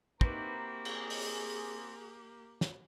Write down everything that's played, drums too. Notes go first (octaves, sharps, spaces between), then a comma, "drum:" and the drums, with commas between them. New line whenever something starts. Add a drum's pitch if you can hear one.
A#3 C4 D#4 E4 F#4 G4 B4 A#5, drum: kick
G#4, drum: cymbal
drum: open hi-hat
drum: snare